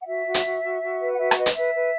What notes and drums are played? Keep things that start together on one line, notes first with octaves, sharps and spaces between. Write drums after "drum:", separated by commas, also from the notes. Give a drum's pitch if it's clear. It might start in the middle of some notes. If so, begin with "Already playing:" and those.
F#5
F#4 E5
F#4
drum: hi-hat
F#4
F#4
F#4
B4
F#5
F#4 E5
E5, drum: rim click
B4 D#5
drum: hi-hat
B4 E5
B4